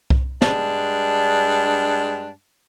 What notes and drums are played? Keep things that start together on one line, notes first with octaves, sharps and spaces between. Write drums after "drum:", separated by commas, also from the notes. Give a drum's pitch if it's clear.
drum: kick C2
G2 G#3 D4, drum: snare